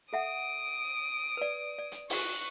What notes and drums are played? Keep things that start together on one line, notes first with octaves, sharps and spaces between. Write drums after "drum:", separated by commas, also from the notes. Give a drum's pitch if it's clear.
A4 E5 F#5 D#6 D7
B4 D5
D5
drum: hi-hat
C#6 F#6, drum: open hi-hat